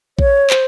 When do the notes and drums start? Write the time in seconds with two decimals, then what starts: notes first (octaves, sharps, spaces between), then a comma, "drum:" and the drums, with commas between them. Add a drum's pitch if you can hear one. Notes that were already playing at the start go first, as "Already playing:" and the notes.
0.19 C#5, drum: kick A#1
0.50 C5, drum: clap